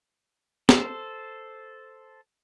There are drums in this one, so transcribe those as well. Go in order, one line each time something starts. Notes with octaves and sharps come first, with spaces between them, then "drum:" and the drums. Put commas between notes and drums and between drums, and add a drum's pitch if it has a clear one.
A4 C5, drum: snare